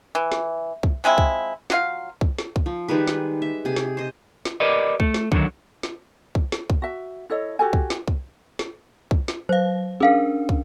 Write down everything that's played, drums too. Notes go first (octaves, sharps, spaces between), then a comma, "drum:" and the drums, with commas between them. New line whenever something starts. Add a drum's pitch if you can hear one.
E3
drum: snare
drum: kick
F3 G#3 C4 E4
drum: kick
F#3 F4 F5, drum: snare
drum: kick
drum: snare
drum: kick
F3
D#3 G3 G#3 B4
drum: snare
E5
C3 G#4
drum: snare
C5 D#5
drum: snare
G4 A#4 B4 D5 D#5
A3, drum: kick
drum: snare
D3 D#3 F3 F#3, drum: kick
drum: snare
drum: kick
drum: snare
drum: kick
F#4 E5
E4 A4 C#5 D#5
F#4 G4 A4 G#5
drum: kick
drum: snare
drum: kick
drum: snare
drum: kick
drum: snare
F#3 C5 F5
C#4 D4 G#4 A#4 F5
drum: kick